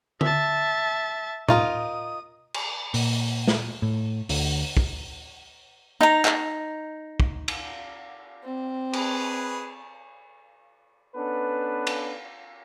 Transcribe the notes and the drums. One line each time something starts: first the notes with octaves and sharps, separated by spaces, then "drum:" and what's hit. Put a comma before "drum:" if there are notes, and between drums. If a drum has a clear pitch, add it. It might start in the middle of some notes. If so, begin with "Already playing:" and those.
E5 A5, drum: tom D3
D#4 F4 A#4 D#6, drum: tom A2
drum: cymbal
A#2, drum: open hi-hat
drum: snare
A2
D2 D3, drum: open hi-hat
drum: kick
D#4 A#5
drum: clap
drum: kick
drum: cymbal
C4
G#4 B4, drum: cymbal
B3 C#4 D4 A4 B4
drum: cymbal